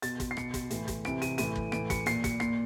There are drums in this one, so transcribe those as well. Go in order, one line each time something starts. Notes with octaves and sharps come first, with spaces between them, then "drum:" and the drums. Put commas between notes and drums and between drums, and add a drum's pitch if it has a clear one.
B2 A6, drum: hi-hat
drum: kick, hi-hat
C7
B2 C#7, drum: rim click
drum: kick, hi-hat
A2 E3, drum: hi-hat
drum: kick, hi-hat
C3 E3 D7, drum: rim click
D#7, drum: hi-hat
A2 E3 D#7, drum: hi-hat
drum: kick
A2 E3 D7, drum: rim click
C#7, drum: kick, hi-hat
A#2 C7, drum: hi-hat
C#7, drum: kick, hi-hat
A#2 C7, drum: rim click